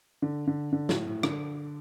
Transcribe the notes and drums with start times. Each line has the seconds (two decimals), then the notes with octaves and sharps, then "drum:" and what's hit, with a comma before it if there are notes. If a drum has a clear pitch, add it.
0.22 D3
0.47 D3
0.73 D3
0.89 A2, drum: snare
1.06 A2
1.23 D3, drum: rim click